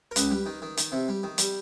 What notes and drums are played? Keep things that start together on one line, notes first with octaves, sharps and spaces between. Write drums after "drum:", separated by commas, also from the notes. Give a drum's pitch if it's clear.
A#4
C#2 B4, drum: hi-hat
G3
D#3
D#3
D#3, drum: hi-hat
C3
G3
D#3
G3, drum: hi-hat